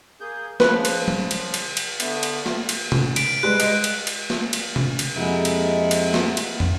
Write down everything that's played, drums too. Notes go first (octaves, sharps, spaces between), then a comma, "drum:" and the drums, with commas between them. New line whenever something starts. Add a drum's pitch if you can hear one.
A#3 G#4 G6
C#3 F3 B4, drum: snare
drum: cymbal
drum: tom
drum: cymbal
drum: cymbal
drum: cymbal
D3 A3 B3, drum: cymbal
drum: cymbal
drum: snare
drum: cymbal
drum: tom C3
B6 D7, drum: cymbal
G3 G#3 B4 F#6
D#5, drum: cymbal
drum: cymbal
drum: cymbal
drum: snare
drum: cymbal
drum: tom C3
drum: cymbal
F2 G#3 A#3 E4 G4 F#5
drum: cymbal
drum: cymbal
drum: snare
drum: cymbal
drum: tom